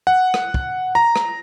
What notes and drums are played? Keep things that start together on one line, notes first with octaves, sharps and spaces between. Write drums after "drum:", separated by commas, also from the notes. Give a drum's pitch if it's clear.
F#5
drum: rim click
drum: kick
A#5
drum: rim click